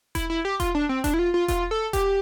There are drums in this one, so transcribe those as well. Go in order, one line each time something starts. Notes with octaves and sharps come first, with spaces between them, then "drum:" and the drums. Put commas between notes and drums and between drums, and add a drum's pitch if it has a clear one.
E4, drum: kick E1, hi-hat
E4
G4
F4, drum: kick E1, hi-hat
D4
C4
D4, drum: kick E1, hi-hat
E4
F4
F4
F4, drum: kick E1, hi-hat
A4
G4, drum: kick E1, hi-hat